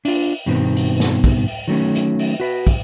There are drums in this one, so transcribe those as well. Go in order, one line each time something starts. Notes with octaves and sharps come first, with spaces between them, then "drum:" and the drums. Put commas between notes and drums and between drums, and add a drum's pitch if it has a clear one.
D4 F4, drum: open hi-hat
G2 B2 D#3 B3 C4
drum: open hi-hat
drum: snare
drum: kick, open hi-hat
drum: open hi-hat
D#3 F#3 A3 C#4
drum: hi-hat
drum: open hi-hat
F#4 B4
drum: kick, open hi-hat